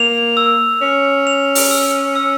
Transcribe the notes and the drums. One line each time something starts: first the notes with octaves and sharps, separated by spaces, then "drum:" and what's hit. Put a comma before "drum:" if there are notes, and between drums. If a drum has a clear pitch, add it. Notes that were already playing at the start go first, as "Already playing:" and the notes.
Already playing: A#3 F7
E6
C#4 F7
F7
drum: open hi-hat
E6
E6